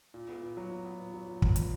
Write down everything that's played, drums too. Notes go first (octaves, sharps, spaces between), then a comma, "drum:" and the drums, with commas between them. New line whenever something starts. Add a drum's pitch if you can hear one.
A#2
B3
A#2
F#3
A#2
B3
A#2
F#3
A#2
B3, drum: kick
A#2, drum: hi-hat